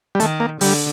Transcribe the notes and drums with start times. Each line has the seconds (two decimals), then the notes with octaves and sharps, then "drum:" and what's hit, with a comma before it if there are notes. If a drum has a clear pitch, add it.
0.15 G3
0.20 D#3 A3, drum: hi-hat
0.40 A#3
0.61 D3 G3, drum: open hi-hat